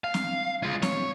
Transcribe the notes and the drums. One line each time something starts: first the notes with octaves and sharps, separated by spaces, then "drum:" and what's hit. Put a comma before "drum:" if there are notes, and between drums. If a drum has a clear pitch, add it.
F5
drum: snare C4
G#3 F4
C#5, drum: snare C4